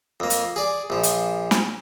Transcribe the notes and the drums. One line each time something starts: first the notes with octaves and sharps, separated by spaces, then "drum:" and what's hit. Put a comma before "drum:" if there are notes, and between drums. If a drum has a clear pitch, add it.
F2 A#3
drum: hi-hat
G#4 D5
A#1 F3
drum: hi-hat
drum: snare